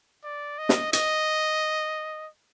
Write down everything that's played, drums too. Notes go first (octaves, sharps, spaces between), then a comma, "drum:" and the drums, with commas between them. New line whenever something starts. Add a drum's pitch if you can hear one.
D5
D#5
drum: snare
D#5, drum: hi-hat